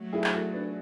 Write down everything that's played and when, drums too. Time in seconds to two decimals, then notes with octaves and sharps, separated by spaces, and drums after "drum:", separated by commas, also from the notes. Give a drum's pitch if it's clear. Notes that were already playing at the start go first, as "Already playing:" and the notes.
Already playing: F#3 A3
0.13 E4 G#4
0.24 drum: clap
0.33 F#4 A4
0.53 B3 D4